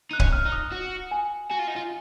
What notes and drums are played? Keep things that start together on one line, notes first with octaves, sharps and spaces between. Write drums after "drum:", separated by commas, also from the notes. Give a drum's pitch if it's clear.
D#4 F#6
C#4, drum: kick C#1
F6
D#4
D#6
F#4
G#5
F#4 G#5
F4
D#4
F4